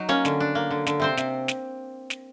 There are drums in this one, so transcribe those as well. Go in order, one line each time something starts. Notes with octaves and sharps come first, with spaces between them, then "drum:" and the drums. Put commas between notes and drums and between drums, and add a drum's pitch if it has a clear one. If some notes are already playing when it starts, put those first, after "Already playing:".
Already playing: F#3 D#4
A#3 C#4 C#5
D3, drum: snare
D4
A#3
D3
D3, drum: snare
C3 C4 C5
C3, drum: snare
drum: snare
drum: snare